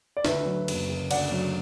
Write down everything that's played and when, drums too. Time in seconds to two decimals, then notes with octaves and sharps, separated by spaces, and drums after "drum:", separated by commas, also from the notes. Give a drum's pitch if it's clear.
0.17 D5
0.25 D2 B4 E5, drum: snare
0.46 F#3
0.68 F#1, drum: cymbal
0.89 F#1
1.11 D2 D5 F#5, drum: cymbal
1.32 F#3